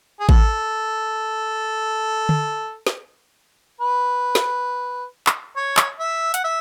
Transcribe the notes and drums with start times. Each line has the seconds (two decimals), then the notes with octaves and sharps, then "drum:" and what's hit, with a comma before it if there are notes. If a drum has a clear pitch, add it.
0.20 G#4
0.29 A4, drum: kick A1
2.29 drum: tom D3
2.87 drum: snare
3.81 B4
4.35 drum: snare
5.27 drum: clap
5.57 C#5
5.77 drum: clap
6.00 E5
6.34 F#5, drum: hi-hat
6.44 E5